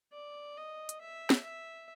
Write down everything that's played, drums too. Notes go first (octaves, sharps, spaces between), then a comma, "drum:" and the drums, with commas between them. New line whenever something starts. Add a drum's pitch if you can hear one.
D5
D#5
drum: hi-hat
E5
drum: snare
E5